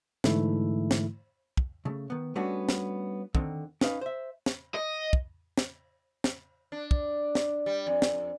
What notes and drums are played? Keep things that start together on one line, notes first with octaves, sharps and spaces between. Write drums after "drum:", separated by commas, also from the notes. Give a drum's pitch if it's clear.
G#2 D3 E3 A3 E4, drum: snare
drum: snare
drum: kick
C#3 A3
D#3 B3
G3 A3 B3 C#4 D4 F#4
drum: snare
D3 D#3 C4, drum: kick
C#4 D#4 B4 F5, drum: snare
C5 E5
drum: snare
D#5
drum: kick
drum: snare
drum: snare
D4
drum: kick
drum: snare
G3
F2
drum: snare